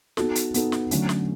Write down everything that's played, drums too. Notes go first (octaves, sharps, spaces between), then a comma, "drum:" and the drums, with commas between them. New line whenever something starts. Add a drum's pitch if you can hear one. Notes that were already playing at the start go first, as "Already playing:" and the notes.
B3 D#4 F#4 A4, drum: snare
drum: hi-hat
B3 D#4 F#4 A4, drum: hi-hat
drum: snare
D3 F#3 A3 C#4, drum: hi-hat
drum: snare